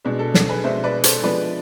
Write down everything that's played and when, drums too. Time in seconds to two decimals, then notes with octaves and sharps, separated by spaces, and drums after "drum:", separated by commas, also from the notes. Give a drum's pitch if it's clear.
0.05 B2 G#3 D4
0.19 A4
0.34 A4, drum: snare
0.49 G#4 B4
0.64 B2 G#3 D4 C5 E5
0.84 B4 D5
1.04 A4 C5, drum: hi-hat
1.23 F3 G#3 B3 D4 B4 D5